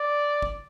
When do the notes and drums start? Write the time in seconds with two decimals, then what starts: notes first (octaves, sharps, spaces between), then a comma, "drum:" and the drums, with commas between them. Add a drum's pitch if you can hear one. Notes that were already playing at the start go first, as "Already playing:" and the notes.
Already playing: D5
0.42 drum: kick